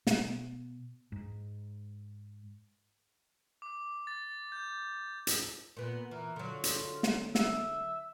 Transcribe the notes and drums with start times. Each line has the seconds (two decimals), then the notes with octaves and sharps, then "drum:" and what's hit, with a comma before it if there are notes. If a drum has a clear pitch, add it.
0.07 B2, drum: snare
1.12 G#2
3.62 D6
4.07 A6
4.52 G6
5.27 drum: hi-hat
5.77 A#2 B3
6.11 E3 A#4
6.36 D3 F#3 F4
6.64 drum: hi-hat
7.03 drum: snare
7.35 E5, drum: snare